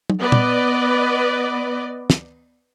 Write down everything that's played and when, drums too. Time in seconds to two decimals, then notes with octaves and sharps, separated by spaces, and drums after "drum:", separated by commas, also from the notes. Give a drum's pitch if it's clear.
0.10 drum: tom
0.20 B3 B4 D5 D#5
0.32 drum: tom A#2
2.10 drum: snare